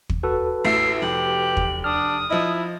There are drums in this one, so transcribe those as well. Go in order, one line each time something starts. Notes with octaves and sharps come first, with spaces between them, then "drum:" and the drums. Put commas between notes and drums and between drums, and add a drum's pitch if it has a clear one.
drum: kick
F#4 A4 B4
A1 A3 E5 C7
F1 G4 F#7
drum: kick
D4 D#6 F6
F3 D#4 E4